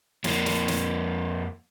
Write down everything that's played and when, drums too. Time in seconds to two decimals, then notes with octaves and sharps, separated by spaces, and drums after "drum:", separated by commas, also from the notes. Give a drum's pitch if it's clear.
0.24 F2 A#3, drum: snare
0.46 drum: snare
0.68 drum: snare